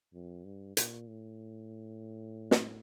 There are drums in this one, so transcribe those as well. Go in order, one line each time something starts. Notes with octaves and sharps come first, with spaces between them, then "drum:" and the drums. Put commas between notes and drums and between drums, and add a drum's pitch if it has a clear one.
F2
G2
A#2, drum: hi-hat
A2
drum: snare